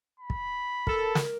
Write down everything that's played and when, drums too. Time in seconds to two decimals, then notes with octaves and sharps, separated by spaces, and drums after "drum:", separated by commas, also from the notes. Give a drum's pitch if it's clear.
0.20 B5
0.30 drum: kick
0.87 A4 A#4, drum: kick
1.15 drum: snare